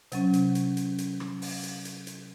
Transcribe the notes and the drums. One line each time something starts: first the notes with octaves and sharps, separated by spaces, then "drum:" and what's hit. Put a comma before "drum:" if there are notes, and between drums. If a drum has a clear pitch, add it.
C3 F#3 C#4, drum: hi-hat
drum: hi-hat
drum: hi-hat
drum: hi-hat
drum: hi-hat
drum: rim click
drum: open hi-hat
drum: hi-hat
drum: hi-hat
drum: hi-hat